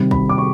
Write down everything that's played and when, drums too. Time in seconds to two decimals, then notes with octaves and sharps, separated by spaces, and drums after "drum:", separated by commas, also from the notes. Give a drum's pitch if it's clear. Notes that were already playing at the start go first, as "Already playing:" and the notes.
Already playing: C3 D#3 G3
0.11 B5, drum: kick
0.29 D6
0.38 C#6